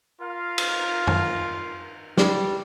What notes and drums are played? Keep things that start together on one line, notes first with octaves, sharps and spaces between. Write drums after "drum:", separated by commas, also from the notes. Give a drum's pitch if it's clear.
F4 A#4 F5
drum: cymbal
drum: tom F#2
G3, drum: snare